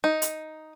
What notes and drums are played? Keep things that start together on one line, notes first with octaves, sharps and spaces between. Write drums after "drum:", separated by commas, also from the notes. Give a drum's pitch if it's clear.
D#4
drum: hi-hat